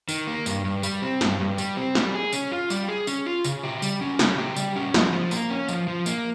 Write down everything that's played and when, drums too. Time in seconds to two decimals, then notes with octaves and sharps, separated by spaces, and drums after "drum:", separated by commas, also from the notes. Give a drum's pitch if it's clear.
0.09 D#3, drum: tambourine
0.27 A#3
0.46 G2, drum: tambourine
0.65 G2
0.83 G3, drum: tambourine
1.02 C4
1.21 G2, drum: snare
1.40 G2
1.58 G3, drum: tambourine
1.77 C4
1.95 G3, drum: snare
2.14 G#4
2.33 C#4, drum: tambourine
2.51 F4
2.70 G3, drum: tambourine
2.88 G#4
3.07 C#4, drum: tambourine
3.26 F4
3.44 C#3, drum: tambourine
3.63 G4
3.82 G3, drum: tambourine
4.01 C#4
4.19 C#3, drum: snare
4.38 G4
4.56 G3, drum: tambourine
4.76 C#4
4.94 F3, drum: snare
5.12 F3
5.31 A#3, drum: tambourine
5.50 C#4
5.68 F3, drum: tambourine
5.87 F3
6.06 A#3, drum: tambourine